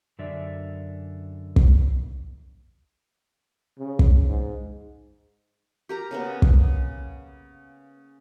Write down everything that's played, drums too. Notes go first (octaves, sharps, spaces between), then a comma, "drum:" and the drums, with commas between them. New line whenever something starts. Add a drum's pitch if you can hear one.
F#2 D3 D5 E5
drum: kick
C#3
drum: kick
G#2
G4 A#4 A#5
C#3 A#3 B3
drum: kick